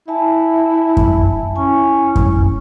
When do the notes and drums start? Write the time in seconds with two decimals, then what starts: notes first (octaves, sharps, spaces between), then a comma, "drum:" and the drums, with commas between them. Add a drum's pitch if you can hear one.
0.08 E4 E5 G#5 A5
0.97 drum: kick F#2
1.56 C#4 E4 G#5 C#6
2.16 drum: kick F#2